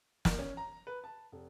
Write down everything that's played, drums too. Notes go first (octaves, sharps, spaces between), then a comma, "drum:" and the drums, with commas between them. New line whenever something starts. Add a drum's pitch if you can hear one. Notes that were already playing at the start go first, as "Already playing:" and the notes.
A#4, drum: snare
C#4
A#5
B4
A5
F1